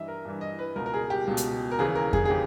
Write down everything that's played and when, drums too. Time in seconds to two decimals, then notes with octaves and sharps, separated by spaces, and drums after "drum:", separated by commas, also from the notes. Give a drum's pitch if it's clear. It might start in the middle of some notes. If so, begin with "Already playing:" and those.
Already playing: G2 E3 D#5 E5
0.08 A#4
0.25 G2 E3
0.41 D#5
0.59 B4
0.76 C#2 B2 A#4
0.86 A#4
0.94 G#4
1.10 G4
1.27 C#2 B2
1.37 drum: hi-hat
1.71 A#4
1.79 D#2 C#3 E3 G#4
1.95 A#4
2.13 G#4, drum: kick F2
2.25 G#4
2.30 C#3 E3 G4